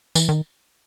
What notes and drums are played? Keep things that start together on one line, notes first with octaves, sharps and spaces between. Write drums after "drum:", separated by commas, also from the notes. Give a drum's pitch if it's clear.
E3, drum: tambourine
D#3